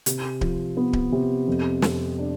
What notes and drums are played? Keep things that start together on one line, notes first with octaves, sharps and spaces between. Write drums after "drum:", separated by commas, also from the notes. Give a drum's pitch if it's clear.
C3, drum: hi-hat
F3, drum: kick D1
B3
drum: kick D1
C3
F2
F2, drum: snare
D4